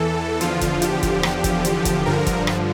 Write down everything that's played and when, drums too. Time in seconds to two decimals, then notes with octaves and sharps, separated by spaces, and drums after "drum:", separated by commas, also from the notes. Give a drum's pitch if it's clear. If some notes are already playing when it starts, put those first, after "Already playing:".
Already playing: E2 E3 A4
0.41 E2 D3 F3 F4, drum: hi-hat
0.61 drum: kick, hi-hat
0.82 G4, drum: hi-hat
1.03 drum: kick, hi-hat
1.23 drum: rim click
1.44 drum: kick, hi-hat
1.65 drum: hi-hat
1.85 drum: kick, hi-hat
2.06 G2 D3 F3 A#4
2.27 drum: kick, hi-hat
2.47 drum: rim click